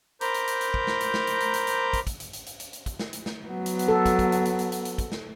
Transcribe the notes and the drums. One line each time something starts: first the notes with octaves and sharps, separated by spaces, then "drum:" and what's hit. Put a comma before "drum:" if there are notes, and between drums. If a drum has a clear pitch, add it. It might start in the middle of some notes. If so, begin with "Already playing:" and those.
A#4 C5 A#5 B5 D6 G6, drum: hi-hat
drum: hi-hat
drum: hi-hat
drum: hi-hat
drum: kick
drum: snare
drum: hi-hat
drum: snare
drum: hi-hat
drum: hi-hat
drum: hi-hat
drum: hi-hat
drum: kick, hi-hat
drum: kick, hi-hat
drum: hi-hat
drum: hi-hat
drum: hi-hat
drum: hi-hat
drum: hi-hat
drum: kick, hi-hat
drum: snare
drum: hi-hat
drum: snare
F#3 B3
drum: hi-hat
drum: hi-hat
A4
drum: kick, hi-hat
drum: kick, hi-hat
drum: hi-hat
drum: hi-hat
drum: hi-hat
drum: hi-hat
drum: hi-hat
drum: kick, hi-hat
drum: snare